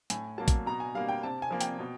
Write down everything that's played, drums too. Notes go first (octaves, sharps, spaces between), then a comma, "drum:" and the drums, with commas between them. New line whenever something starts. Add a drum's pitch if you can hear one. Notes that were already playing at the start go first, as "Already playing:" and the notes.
A2 G#5, drum: hi-hat
F#3 A#3 A5
drum: kick, hi-hat
B2 A#5
G#5
G3 A#3 F5
G5
C3 A5
G#5
F3 A#3
G5, drum: hi-hat
B2